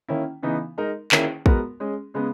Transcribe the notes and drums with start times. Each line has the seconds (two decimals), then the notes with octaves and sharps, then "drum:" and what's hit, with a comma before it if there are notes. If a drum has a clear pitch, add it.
0.08 D#3 A#3 C#4 E4
0.43 C#3 E3 B3 D#4
0.77 G#3 D#4 A#4
1.12 D#3 A#3 C#4 E4 G#4, drum: clap
1.46 G#3 B3 F#4 A#4, drum: kick
1.80 G#3 C#4 G#4
2.14 C#3 G#3 B3